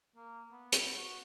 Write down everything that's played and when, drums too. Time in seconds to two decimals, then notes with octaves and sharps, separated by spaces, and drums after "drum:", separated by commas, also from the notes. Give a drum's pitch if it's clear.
0.16 A#3
0.51 B3
0.72 drum: hi-hat
0.96 F#4